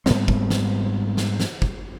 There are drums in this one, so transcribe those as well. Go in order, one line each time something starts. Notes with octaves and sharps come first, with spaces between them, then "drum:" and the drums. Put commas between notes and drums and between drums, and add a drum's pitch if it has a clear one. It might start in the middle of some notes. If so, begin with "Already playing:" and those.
G#2 G3 B3 C4, drum: snare
drum: kick
drum: snare
drum: snare
drum: snare
drum: kick